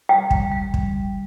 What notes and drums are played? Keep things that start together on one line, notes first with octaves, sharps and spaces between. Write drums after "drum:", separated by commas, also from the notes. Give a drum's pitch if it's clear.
G3 G5
G3, drum: kick
G3
drum: kick